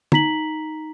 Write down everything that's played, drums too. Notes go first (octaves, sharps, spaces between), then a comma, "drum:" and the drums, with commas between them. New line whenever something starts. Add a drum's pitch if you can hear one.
D#4 A#5 B6 F#7, drum: tom